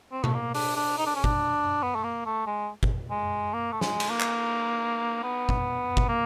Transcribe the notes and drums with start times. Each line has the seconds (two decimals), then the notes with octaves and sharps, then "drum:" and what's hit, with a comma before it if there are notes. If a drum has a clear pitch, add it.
0.12 C4
0.24 A3, drum: tom B2
0.34 A#3
0.54 D4, drum: open hi-hat
0.76 D4
0.98 D#4
1.06 D4
1.15 C#4
1.24 D4, drum: kick G1
1.83 B3
1.96 A3
2.04 A#3
2.26 A3
2.46 G#3
2.83 drum: kick G1
3.10 G#3
3.53 A#3
3.72 A3
3.81 G#3, drum: snare
4.00 drum: cymbal
4.09 A#3
4.20 drum: clap
5.23 B3
5.49 drum: kick G1
5.97 drum: kick G1
6.09 A#3